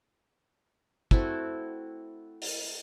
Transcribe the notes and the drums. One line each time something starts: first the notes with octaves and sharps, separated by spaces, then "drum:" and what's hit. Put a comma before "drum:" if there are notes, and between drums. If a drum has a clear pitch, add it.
A3 C4 E4 F#4, drum: kick
drum: open hi-hat